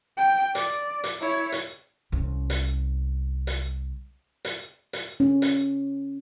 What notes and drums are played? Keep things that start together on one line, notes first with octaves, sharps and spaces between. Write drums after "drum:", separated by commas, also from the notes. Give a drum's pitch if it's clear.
G5
D5, drum: hi-hat
drum: hi-hat
E4 C#5
drum: hi-hat
C2 C#4
drum: hi-hat
drum: hi-hat
drum: hi-hat
drum: hi-hat
C#4
drum: hi-hat